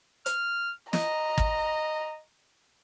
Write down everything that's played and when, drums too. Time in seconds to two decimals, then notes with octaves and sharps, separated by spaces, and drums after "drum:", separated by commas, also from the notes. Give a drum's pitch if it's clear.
0.26 F6, drum: hi-hat
0.93 D#5 A#5, drum: snare
1.38 drum: kick